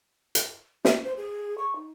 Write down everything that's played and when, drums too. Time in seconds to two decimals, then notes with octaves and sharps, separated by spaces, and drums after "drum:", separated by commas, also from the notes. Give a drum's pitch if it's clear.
0.35 drum: hi-hat
0.85 F4, drum: snare
1.04 C5
1.17 G#4
1.58 C#6
1.76 D#4